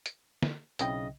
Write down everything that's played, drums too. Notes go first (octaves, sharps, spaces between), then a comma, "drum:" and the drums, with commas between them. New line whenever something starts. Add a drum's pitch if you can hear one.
drum: hi-hat
drum: snare
B1 C#3 C4 E4 D#5 G5, drum: hi-hat